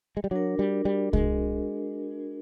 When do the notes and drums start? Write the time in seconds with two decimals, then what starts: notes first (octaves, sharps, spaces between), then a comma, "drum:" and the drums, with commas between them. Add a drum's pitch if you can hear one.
0.17 G#3
0.24 G3
0.31 F#3 D4 F#4 A#4
0.59 G3
0.85 G3
1.13 G#3, drum: kick C2